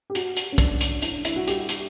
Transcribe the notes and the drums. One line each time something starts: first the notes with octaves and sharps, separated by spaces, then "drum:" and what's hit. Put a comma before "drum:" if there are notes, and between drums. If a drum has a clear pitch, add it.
G4
F#4, drum: hi-hat
drum: hi-hat
C#4
D4, drum: kick, hi-hat
drum: hi-hat
E4, drum: hi-hat
D4
E4, drum: hi-hat
F#4
G4, drum: hi-hat
drum: hi-hat